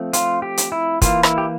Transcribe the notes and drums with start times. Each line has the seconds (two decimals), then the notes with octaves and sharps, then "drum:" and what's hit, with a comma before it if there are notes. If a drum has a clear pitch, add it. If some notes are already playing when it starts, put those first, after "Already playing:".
Already playing: F3 A3 C4
0.13 F4, drum: hi-hat
0.42 G4
0.57 drum: hi-hat
0.72 E4
1.02 E3 A#3 F4, drum: kick, hi-hat
1.23 E4, drum: rim click
1.38 G4